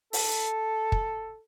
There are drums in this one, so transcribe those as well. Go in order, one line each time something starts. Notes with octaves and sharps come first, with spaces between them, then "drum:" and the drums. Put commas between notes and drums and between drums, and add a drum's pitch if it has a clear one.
A4, drum: open hi-hat
drum: kick